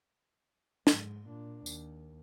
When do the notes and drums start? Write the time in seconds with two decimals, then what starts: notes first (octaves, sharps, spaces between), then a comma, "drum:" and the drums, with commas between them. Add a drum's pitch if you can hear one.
0.87 G#2 G#3, drum: snare
1.28 A#2 D4
1.66 D#2, drum: tambourine